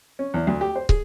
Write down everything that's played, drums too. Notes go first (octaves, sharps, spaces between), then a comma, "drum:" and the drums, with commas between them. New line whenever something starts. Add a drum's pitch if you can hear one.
C#4
E2
D2
G4
C5
G#4, drum: kick